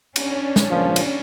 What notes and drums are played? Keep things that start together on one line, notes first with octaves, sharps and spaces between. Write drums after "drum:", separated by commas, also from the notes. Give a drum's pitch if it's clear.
C#4 D4, drum: cymbal
drum: snare
C#2 A#2 F3
drum: cymbal